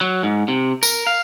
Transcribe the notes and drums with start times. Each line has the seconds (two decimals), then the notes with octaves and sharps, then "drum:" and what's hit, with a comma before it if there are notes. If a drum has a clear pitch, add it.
0.01 F#3
0.23 G#2
0.48 C3
0.83 A#4, drum: tambourine
1.07 F5